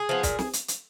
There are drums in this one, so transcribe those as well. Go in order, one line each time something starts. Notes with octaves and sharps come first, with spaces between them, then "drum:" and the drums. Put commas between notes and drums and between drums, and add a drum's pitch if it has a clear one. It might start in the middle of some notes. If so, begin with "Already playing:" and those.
Already playing: G#4
F3 B3
A#2, drum: kick, hi-hat
drum: snare
drum: hi-hat
drum: hi-hat